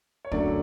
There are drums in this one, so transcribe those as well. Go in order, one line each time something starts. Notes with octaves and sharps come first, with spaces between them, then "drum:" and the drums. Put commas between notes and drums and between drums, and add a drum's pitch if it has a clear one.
C#5
F#2 D3 F#3 A3 D5, drum: kick